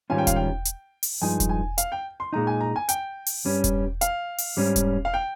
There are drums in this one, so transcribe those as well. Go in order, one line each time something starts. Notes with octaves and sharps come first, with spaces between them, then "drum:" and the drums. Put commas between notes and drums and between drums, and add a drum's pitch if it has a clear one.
G#2 D#3 G3 C#4 F4 G#5
G5
F5, drum: kick E1, hi-hat
G5
drum: hi-hat
drum: open hi-hat
G2 F3 G#3 D#4 G#5
drum: kick E1, hi-hat
G#5
F5, drum: hi-hat
G5
C6
A#2 G#3 D#4 A#5
G#5
A#5
G#5
G5, drum: hi-hat
drum: open hi-hat
G2 G3 C#4
drum: kick E1, hi-hat
F5, drum: hi-hat
drum: open hi-hat
G#2 G3 C#4
drum: kick E1, hi-hat
F5
G5